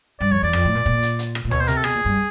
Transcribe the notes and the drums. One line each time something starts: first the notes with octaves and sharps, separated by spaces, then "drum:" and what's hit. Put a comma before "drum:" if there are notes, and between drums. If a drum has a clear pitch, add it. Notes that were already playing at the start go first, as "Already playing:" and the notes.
G2 D5
F2 C#5
E2 D5
F2, drum: rim click
A2
A#2
A#2, drum: kick
drum: hi-hat
drum: hi-hat
drum: rim click
A#2
B2 C#5, drum: tom D2
C5
C3 A#4, drum: hi-hat
A4
B2 G#4, drum: rim click
A#2
G2